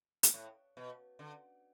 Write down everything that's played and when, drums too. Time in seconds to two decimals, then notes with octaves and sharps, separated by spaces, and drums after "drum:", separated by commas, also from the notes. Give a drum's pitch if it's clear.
0.23 drum: hi-hat
0.34 A2
0.77 B2
1.19 D3